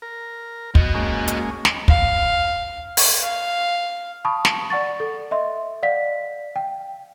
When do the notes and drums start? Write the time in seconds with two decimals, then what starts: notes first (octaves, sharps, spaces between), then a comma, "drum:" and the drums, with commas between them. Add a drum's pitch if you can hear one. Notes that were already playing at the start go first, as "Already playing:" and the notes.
0.02 A#4
0.75 F#4 D#5, drum: kick
0.94 G#3 A#3 C#4
1.28 drum: hi-hat
1.65 drum: snare
1.88 F5, drum: kick
2.97 drum: open hi-hat
3.23 F5
4.25 A5 B5 C#6 D#6
4.45 drum: snare
4.70 D5 F#5 C#6 A6
5.00 A4
5.31 D#5 E5 C6
5.83 D5 F5 F#5 B6
6.56 G5